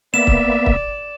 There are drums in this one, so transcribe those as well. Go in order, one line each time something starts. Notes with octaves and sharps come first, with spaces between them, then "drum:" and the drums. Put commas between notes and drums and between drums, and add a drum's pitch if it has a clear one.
A#3 B3 D5 E5 E7
drum: kick C#1
drum: kick C#1